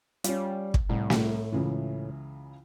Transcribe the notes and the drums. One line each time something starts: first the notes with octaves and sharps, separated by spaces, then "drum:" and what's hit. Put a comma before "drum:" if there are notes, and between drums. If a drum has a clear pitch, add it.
G3 C#4 F4, drum: hi-hat
drum: kick
C2 A2
drum: snare
C#2 C#3 E3